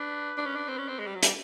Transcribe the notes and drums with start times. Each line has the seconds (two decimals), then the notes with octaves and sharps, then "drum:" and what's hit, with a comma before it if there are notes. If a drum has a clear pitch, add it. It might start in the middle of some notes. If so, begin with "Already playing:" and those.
Already playing: D4 B4
0.38 D4
0.46 C#4
0.56 D4
0.68 C4
0.78 C#4
0.88 C4
0.99 G#3
1.07 G3
1.15 F#3
1.23 G3, drum: hi-hat